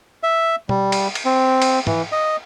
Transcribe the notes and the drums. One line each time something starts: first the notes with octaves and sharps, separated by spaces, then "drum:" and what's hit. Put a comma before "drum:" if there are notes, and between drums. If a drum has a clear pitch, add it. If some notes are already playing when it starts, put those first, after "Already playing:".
E5
G3, drum: tom B2
drum: cymbal
drum: cymbal
C4
drum: cymbal
E3, drum: tom
D#5